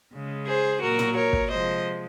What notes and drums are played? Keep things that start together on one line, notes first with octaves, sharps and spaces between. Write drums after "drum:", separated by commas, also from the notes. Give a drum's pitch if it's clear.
C#3 G#3
G#4 C5
A#2 F#3 F#4 A#4
drum: tom
A#4 C#5
drum: kick
C3 F3 G#3 C5 D#5